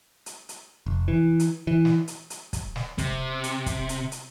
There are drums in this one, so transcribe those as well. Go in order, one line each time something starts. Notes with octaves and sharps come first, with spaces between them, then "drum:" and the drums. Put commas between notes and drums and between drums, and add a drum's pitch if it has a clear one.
drum: hi-hat
drum: hi-hat
F1
E3
drum: hi-hat
E3
drum: snare
drum: hi-hat
drum: hi-hat
drum: kick, hi-hat
drum: snare
C3, drum: kick, hi-hat
drum: hi-hat
drum: kick, hi-hat
drum: hi-hat
drum: hi-hat